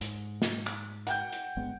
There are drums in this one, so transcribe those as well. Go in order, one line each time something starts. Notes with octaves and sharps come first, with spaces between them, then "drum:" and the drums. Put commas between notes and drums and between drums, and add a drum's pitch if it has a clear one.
G#2, drum: hi-hat
drum: snare
drum: clap
F#5 G5 G6, drum: hi-hat
drum: hi-hat
G1 G#3 B3